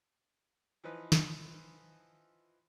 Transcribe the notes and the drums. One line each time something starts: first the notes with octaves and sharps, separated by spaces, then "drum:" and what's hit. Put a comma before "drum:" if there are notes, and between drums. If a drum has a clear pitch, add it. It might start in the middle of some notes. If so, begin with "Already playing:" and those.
E3 F3 D#4 B4
drum: snare